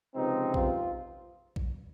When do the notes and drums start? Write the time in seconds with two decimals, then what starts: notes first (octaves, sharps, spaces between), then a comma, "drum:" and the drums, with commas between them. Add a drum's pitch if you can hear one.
0.15 C#2 C3 F3 C4 D#4
0.54 F4, drum: kick A#1
1.56 drum: kick A#1